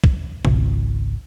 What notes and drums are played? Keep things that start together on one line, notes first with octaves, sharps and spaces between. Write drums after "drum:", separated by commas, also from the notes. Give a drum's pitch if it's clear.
drum: kick
G#1 C#2, drum: tom B2